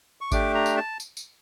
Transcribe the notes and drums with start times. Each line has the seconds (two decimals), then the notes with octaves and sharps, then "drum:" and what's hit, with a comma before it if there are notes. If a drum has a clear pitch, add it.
0.21 C#6
0.32 A3 D4 G4 D6, drum: kick G#1, tambourine
0.55 A#5
0.66 drum: tambourine
0.77 A5
1.00 drum: tambourine
1.17 drum: tambourine